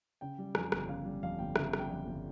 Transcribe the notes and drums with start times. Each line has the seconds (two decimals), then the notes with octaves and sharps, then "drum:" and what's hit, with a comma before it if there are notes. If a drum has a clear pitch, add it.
0.21 C#3 G5
0.38 G3
0.55 F2 G#5, drum: rim click
0.72 G1, drum: rim click
0.89 C#3 F5
1.05 G3
1.23 F2 F5
1.39 G1 G5
1.56 C#3 E5, drum: rim click
1.73 G3, drum: rim click
1.79 G5
1.90 F2
2.07 G1